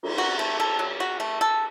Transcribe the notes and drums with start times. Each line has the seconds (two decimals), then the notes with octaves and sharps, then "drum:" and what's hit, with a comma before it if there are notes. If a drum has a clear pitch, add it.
0.03 drum: cymbal
0.18 F#4
0.39 A3
0.60 A4
0.79 F#3
1.00 F#4
1.20 A3
1.41 A4